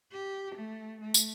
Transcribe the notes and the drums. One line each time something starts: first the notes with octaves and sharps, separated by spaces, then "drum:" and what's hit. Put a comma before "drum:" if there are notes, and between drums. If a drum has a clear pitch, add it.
G4
A3
A3
drum: tambourine